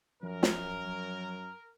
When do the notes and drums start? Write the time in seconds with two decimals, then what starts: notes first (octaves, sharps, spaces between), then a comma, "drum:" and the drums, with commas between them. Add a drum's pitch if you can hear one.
0.23 F#2 F3 A#4
0.43 drum: snare
0.84 F#3